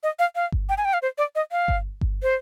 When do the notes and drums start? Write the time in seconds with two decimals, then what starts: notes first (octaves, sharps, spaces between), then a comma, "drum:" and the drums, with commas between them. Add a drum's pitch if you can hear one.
0.03 D#5
0.19 F5
0.36 F5
0.52 drum: kick G1
0.69 G5
0.78 G#5
0.85 G5
0.93 F5
1.02 C5
1.18 D5
1.35 D#5
1.52 F5
1.68 drum: kick G1
2.01 drum: kick G1
2.23 C5